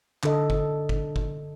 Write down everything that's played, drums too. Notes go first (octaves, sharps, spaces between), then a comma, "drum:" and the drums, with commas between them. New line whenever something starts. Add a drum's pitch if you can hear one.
D3 A4 D#5, drum: clap
drum: kick G1
drum: kick G1
drum: kick G1